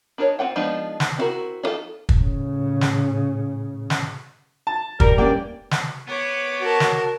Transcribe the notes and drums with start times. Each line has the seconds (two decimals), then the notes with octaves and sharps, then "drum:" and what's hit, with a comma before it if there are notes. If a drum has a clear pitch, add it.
0.18 D4 D#4 A#4 B4 C#5
0.39 C4 F4 F#5 G5
0.56 F3 G#3 B3 D4 D#4
1.00 drum: snare
1.18 C4 D4 E4 F#4 A#4
1.63 D4 D#4 F4 A4
2.09 drum: kick
2.19 A2 C#3
2.81 drum: snare
3.90 drum: snare
4.67 A5
5.00 G3 A#4, drum: kick
5.18 G2 A#3 C#4 D5 G5
5.71 drum: snare
6.08 B3 C#5 D6
6.62 F#4 A#4 A5
6.80 drum: snare